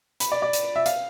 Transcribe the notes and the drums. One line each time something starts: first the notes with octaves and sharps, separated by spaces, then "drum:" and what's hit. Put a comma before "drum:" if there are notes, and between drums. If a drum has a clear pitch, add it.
B5, drum: hi-hat
D5
D5
drum: hi-hat
E5
F5, drum: hi-hat